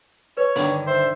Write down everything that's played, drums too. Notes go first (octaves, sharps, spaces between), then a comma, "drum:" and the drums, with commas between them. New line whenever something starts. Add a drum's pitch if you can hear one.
B4 C#5
G2 D3 D#3, drum: open hi-hat
C5 E5